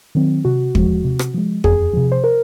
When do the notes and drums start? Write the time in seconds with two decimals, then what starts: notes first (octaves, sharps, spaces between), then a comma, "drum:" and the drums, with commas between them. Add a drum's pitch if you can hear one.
0.15 D#3 F#3 C4
0.45 C3 F#4
0.75 F3 G#3, drum: kick
1.04 C3
1.19 drum: rim click
1.34 F3 G#3
1.64 F2 G#4, drum: kick
1.93 C3 F3
2.12 C5
2.24 A#4